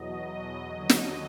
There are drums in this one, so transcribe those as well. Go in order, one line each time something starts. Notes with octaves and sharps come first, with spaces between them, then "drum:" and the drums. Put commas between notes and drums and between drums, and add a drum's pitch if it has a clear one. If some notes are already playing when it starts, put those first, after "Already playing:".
Already playing: E2 B2 F#3 D#5
D#2 D3 F#3 D#5
drum: snare